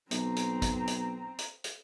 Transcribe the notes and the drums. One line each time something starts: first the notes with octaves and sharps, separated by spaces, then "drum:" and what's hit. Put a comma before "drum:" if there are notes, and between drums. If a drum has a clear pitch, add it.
B1 C4 A#5, drum: hi-hat
drum: hi-hat
drum: kick, hi-hat
drum: hi-hat
drum: hi-hat
drum: hi-hat